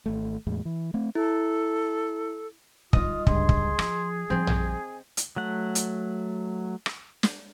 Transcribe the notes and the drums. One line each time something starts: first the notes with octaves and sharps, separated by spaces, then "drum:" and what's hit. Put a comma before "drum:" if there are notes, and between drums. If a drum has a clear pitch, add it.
G#1 A3
E2 A2 G#3
E3
A3 C4
E4 A4
G3 D#4 F4 D#5 D#6, drum: kick
C#2 G2 G#4 C6, drum: kick
drum: kick
F3, drum: rim click
F3 G3 C4 G#5
drum: tom A#1
drum: hi-hat
F#3 A3 F#5
drum: hi-hat
drum: rim click
drum: snare